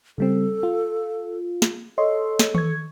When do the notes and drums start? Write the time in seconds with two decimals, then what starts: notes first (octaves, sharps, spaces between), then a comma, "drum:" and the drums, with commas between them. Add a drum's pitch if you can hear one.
0.18 C#3 G3 C4 A4
0.63 F4
1.62 drum: snare
1.98 A4 C#5 D#5 C6
2.39 drum: snare
2.55 C#6 G#6, drum: tom D#3